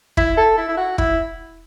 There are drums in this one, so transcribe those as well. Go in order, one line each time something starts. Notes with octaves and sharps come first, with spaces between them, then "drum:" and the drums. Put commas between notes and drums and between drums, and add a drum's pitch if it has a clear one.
E4, drum: kick
A4
E4
E4
F#4
E4, drum: kick